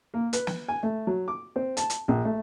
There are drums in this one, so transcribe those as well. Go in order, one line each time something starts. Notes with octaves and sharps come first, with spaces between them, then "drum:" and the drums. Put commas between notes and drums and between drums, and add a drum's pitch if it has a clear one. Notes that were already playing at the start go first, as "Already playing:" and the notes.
A#3
B4, drum: hi-hat
drum: snare
G#5
A3
F#3
D6
C4
A5, drum: hi-hat
drum: hi-hat
A#1
A3